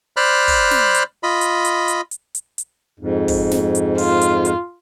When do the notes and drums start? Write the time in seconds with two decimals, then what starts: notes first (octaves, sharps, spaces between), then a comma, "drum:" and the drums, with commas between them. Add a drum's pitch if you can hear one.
0.17 C5 D5 B5 F6 F#6
0.48 drum: kick, open hi-hat
0.71 drum: snare
0.94 drum: hi-hat
1.23 F4 D#5 B5
1.41 drum: hi-hat
1.65 drum: hi-hat
1.88 drum: hi-hat
2.11 drum: hi-hat
2.35 drum: hi-hat
2.58 drum: hi-hat
3.00 F2 G#2
3.28 drum: kick, open hi-hat
3.51 drum: snare
3.75 drum: hi-hat
3.98 F4, drum: open hi-hat
4.21 drum: hi-hat
4.45 drum: hi-hat